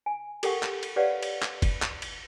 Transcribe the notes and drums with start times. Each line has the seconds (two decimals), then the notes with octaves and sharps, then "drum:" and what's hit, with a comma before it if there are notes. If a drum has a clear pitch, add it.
0.06 G#5
0.43 G4 A4 A#4 F#5 G5 C#6, drum: cymbal
0.63 drum: clap
0.83 drum: cymbal
0.96 G4 B4 C#5 D5 F5 F#5
1.22 drum: cymbal
1.42 drum: clap
1.62 drum: kick F1, cymbal
1.82 drum: clap
2.02 drum: cymbal